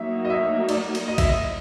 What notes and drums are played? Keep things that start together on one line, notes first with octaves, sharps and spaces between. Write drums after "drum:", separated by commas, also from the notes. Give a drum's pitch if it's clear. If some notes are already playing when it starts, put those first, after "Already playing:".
Already playing: F#3 A#3 D#4 E5
D#5
E5
D5, drum: cymbal
drum: cymbal
D#5
E5, drum: kick A#1, cymbal
D#5